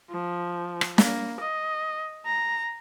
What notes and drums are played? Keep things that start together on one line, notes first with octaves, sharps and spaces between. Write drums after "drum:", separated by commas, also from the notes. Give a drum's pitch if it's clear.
F3
drum: rim click
A#3, drum: snare
D#5
A#5